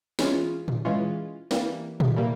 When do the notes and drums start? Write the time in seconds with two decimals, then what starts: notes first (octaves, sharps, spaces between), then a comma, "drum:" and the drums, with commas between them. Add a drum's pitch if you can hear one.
0.19 E3 G#3 C#4 F4, drum: snare
0.68 drum: tom A2
0.85 E3 G#3 C#4 F4
1.51 E3 G3 A#3, drum: snare
2.00 drum: tom A#2
2.16 E3 G3 A#3